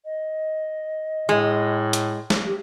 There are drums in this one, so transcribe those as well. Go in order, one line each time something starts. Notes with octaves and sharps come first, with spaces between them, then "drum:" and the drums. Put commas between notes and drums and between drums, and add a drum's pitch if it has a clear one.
D#5
A2 G#3
drum: hi-hat
drum: snare
G4